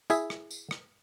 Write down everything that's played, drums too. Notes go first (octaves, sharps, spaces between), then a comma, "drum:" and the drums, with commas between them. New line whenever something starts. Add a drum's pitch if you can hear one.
E4 G#4 E5, drum: tambourine
drum: rim click
drum: tambourine
drum: rim click